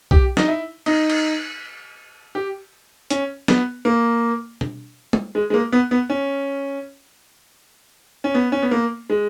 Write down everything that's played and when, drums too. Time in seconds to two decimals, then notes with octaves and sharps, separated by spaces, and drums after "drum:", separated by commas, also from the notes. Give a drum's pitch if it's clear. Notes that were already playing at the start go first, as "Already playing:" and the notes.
0.11 G4, drum: kick B1
0.37 D#4, drum: snare
0.48 E4
0.86 D#4, drum: cymbal
1.10 drum: cymbal
2.35 G4
3.10 C#4, drum: hi-hat
3.48 B3, drum: snare
3.85 A#3
4.61 drum: tom B2
5.13 drum: tom
5.35 G#3
5.50 G#3
5.54 A#3
5.72 B3
5.91 B3
6.10 C#4
8.24 C#4
8.34 B3
8.52 C#4
8.62 B3
8.71 A#3
9.10 G#3